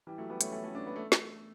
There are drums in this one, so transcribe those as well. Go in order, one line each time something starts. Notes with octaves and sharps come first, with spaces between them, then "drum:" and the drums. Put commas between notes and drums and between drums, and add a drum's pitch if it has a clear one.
E3 G3
F#3 A3
G3 B3
A3 C#4, drum: hi-hat
A3 C#4
A3 C#4
B3 D4
B3
A3
drum: snare